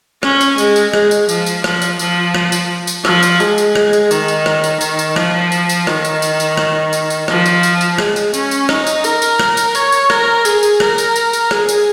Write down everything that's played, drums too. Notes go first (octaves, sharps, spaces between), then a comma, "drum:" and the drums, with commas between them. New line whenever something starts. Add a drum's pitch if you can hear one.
C#4, drum: rim click
drum: tambourine
G#3, drum: tambourine
drum: tambourine
G#3, drum: rim click
drum: tambourine
F3, drum: tambourine
drum: tambourine
F3, drum: rim click
drum: tambourine
F3, drum: tambourine
drum: rim click
drum: tambourine
drum: tambourine
F3, drum: rim click
drum: tambourine
G#3, drum: tambourine
drum: tambourine
drum: rim click
drum: tambourine
D#3, drum: tambourine
drum: tambourine
drum: rim click
drum: tambourine
D#3, drum: tambourine
drum: tambourine
F3, drum: rim click
drum: tambourine
drum: tambourine
D#3, drum: rim click
drum: tambourine
drum: tambourine
drum: tambourine
drum: rim click
drum: tambourine
drum: tambourine
F3, drum: rim click
drum: tambourine
drum: tambourine
drum: tambourine
G#3, drum: rim click
drum: tambourine
C#4, drum: tambourine
drum: tambourine
D#4, drum: rim click
drum: tambourine
A#4, drum: tambourine
drum: tambourine
drum: rim click
drum: tambourine
C#5, drum: tambourine
drum: tambourine
A#4, drum: rim click
G#4, drum: tambourine
drum: tambourine
A#4, drum: rim click
drum: tambourine
drum: tambourine
drum: tambourine
G#4, drum: rim click
drum: tambourine